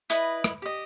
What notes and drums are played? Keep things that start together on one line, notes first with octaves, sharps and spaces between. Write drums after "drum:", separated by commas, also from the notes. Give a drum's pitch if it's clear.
E4 B4 D#5 D#6, drum: hi-hat
drum: rim click
G4 D#5